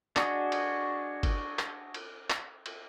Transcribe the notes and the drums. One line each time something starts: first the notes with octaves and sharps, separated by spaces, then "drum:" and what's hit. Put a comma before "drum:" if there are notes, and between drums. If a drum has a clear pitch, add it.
D4 F#4 G#4 D#5, drum: clap
drum: cymbal
drum: kick G1, cymbal
drum: clap
drum: cymbal
drum: clap
drum: cymbal